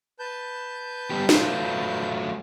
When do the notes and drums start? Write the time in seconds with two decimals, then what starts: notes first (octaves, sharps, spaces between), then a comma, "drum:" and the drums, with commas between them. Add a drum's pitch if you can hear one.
0.19 B4 A5 G6
1.11 G3 B3 G4
1.29 F#3 A3 F4, drum: snare